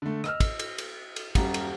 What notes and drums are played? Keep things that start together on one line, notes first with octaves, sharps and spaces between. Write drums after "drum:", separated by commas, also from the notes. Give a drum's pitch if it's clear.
D3 A3
D#5 E6 F6, drum: rim click
drum: kick, cymbal
drum: cymbal
drum: cymbal
drum: cymbal
D#1 F#2 G3 A#5, drum: kick, cymbal
drum: cymbal